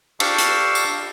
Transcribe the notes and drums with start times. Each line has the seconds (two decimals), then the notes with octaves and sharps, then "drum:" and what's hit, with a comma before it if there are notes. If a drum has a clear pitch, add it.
0.20 D4 G4 F5 A5 C#6 E6, drum: cymbal
0.38 drum: hi-hat
0.75 drum: tambourine